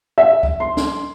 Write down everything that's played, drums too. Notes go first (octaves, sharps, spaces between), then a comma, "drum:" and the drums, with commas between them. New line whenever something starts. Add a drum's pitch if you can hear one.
E5
drum: kick C#2
C6
drum: snare